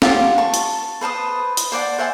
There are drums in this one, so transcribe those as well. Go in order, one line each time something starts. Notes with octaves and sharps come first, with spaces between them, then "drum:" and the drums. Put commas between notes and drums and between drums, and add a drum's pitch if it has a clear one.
F4 G4 F#5, drum: snare
A5 C#6
drum: hi-hat
B4 C5 A5 D#6
drum: hi-hat
C5 D5 F#5 A5
C5 E5 F#5 G#5